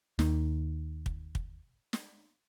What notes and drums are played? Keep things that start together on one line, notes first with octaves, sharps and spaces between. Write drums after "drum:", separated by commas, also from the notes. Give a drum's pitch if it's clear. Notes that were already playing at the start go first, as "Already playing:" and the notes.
D#2 D#3, drum: snare
drum: kick
drum: kick
drum: snare